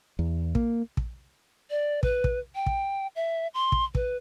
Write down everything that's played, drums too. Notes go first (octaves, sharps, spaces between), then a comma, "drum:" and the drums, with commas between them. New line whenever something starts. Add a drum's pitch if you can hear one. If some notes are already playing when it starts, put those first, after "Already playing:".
E2
A#3, drum: kick
drum: kick
D5
B4, drum: kick
drum: kick
G5
drum: kick
E5
C6
drum: kick
B4, drum: kick